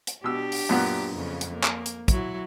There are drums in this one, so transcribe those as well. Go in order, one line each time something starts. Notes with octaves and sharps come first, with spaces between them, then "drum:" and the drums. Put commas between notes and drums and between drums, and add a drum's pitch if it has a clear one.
drum: hi-hat
B2 D4 G4 E6
drum: open hi-hat
F#2 A#2 B3
F2 C#3
drum: hi-hat
A#3
drum: clap
drum: hi-hat
F#3 E4 F#4, drum: kick, hi-hat